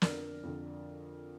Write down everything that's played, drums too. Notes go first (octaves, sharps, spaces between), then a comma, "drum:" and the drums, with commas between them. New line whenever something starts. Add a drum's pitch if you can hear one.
F2 D3 A#4 D5, drum: snare
F2 D3